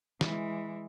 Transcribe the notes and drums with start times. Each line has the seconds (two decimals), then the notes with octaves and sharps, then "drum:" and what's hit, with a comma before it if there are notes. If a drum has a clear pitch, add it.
0.21 E3 G#3, drum: snare